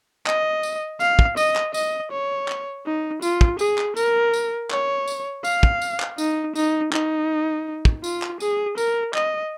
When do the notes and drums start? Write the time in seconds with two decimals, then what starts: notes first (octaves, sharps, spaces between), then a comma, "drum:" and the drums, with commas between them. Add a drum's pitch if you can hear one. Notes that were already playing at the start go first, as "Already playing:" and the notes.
0.27 D#5, drum: clap
0.63 drum: tambourine
1.00 F5, drum: tambourine
1.19 drum: kick
1.37 D#5, drum: tambourine
1.56 drum: clap
1.74 D#5, drum: tambourine
2.11 C#5
2.48 drum: clap
2.85 D#4
3.22 F4, drum: tambourine
3.41 drum: kick
3.59 G#4, drum: tambourine
3.78 drum: clap
3.97 A#4, drum: tambourine
4.33 drum: tambourine
4.71 C#5, drum: clap
5.08 drum: tambourine
5.44 F5, drum: tambourine
5.63 drum: kick
5.82 drum: tambourine
6.00 drum: clap
6.18 D#4, drum: tambourine
6.55 D#4, drum: tambourine
6.93 D#4, drum: clap
7.85 drum: kick
8.04 F4, drum: tambourine
8.22 drum: clap
8.40 G#4, drum: tambourine
8.78 A#4, drum: tambourine
9.14 D#5, drum: clap